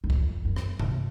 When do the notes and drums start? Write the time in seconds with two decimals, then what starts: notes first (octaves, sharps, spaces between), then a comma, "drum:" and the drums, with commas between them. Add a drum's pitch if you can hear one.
0.04 F#2
0.10 F2, drum: kick
0.45 F#2
0.56 drum: rim click
0.79 C3, drum: tom G2